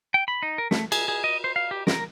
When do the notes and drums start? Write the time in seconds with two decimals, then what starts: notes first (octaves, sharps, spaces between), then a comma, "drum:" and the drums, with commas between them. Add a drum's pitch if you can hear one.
0.14 G5
0.28 B5
0.43 D#4
0.58 A#4
0.71 A3, drum: snare
0.92 G#4, drum: cymbal
1.08 G#4
1.24 D#5
1.44 C5
1.56 F5
1.71 G4
1.87 A#4, drum: snare